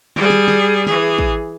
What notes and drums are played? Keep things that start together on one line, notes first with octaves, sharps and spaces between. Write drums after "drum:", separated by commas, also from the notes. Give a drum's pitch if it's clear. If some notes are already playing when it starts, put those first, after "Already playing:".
G3 G#4, drum: snare
drum: snare
drum: snare
E3 G#4, drum: snare
drum: kick